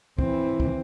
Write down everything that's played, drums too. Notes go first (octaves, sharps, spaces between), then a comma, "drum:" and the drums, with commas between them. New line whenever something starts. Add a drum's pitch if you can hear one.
E3 C4, drum: kick
drum: kick